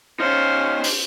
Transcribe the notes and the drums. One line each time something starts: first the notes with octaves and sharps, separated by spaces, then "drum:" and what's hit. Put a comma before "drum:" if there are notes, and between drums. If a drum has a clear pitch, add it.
C#4 D#4 C5 C#5 F5
drum: open hi-hat